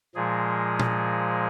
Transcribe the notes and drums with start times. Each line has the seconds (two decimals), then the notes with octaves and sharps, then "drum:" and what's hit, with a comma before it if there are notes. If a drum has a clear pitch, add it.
0.15 A#2 F3 G#3 G#4
0.80 drum: tom A#2